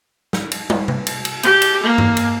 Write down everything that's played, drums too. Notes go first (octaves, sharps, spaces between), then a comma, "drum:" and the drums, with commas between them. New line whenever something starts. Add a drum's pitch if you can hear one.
drum: snare
drum: cymbal
drum: tom
drum: tom C3
drum: cymbal
drum: cymbal
G4, drum: cymbal
drum: cymbal
A#3
drum: tom G2
drum: cymbal